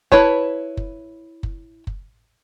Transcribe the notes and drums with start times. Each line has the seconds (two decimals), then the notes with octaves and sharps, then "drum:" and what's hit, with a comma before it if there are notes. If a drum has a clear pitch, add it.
0.12 E4 B4 C#5 A5, drum: kick F#1
0.77 drum: kick F#1
1.43 drum: kick F#1
1.87 drum: kick F#1